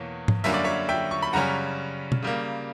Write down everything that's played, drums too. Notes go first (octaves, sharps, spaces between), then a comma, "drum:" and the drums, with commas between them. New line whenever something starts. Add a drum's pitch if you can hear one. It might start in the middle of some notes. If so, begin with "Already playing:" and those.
Already playing: E2 B2 A#3 C#5
drum: tom G#2
F#2 D3 G3 A#3 C#4 E5, drum: tambourine
D5
C#5 E5
E5 G5
C#6
B5
F#2 C#3 G3 C#4 F#5 A#5
drum: tom B2
C#3 G3 A#3